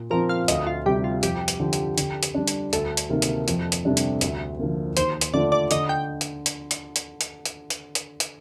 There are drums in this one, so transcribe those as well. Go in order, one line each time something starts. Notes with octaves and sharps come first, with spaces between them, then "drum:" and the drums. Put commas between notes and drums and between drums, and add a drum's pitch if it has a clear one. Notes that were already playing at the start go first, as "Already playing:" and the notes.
Already playing: A#2
F3 C4 F4 A#4
F5
D2 D#5, drum: hi-hat
F4
C3 G3 G4
F4
F2 G4, drum: hi-hat
drum: hi-hat
D3 F3
drum: hi-hat
D3, drum: hi-hat
drum: hi-hat
G3 D4
drum: hi-hat
D2 A4, drum: hi-hat
drum: hi-hat
C3 D#3 A#3
drum: hi-hat
F2, drum: hi-hat
drum: hi-hat
C3 G3 D4
drum: hi-hat
D2, drum: hi-hat
D3 F3 A#3
D#2 C5, drum: hi-hat
drum: hi-hat
D3 A3 D4 F4 D5
D5
D3 D#5, drum: hi-hat
G5
drum: hi-hat
drum: hi-hat
drum: hi-hat
drum: hi-hat
drum: hi-hat
drum: hi-hat
drum: hi-hat
drum: hi-hat
drum: hi-hat